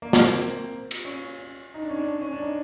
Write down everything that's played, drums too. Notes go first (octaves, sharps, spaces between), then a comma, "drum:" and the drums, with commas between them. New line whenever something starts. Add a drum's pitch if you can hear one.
A#3
A#3, drum: snare
C4
drum: cymbal
C#4
D#4
D4
C#4
D4
C#4
D4
D#4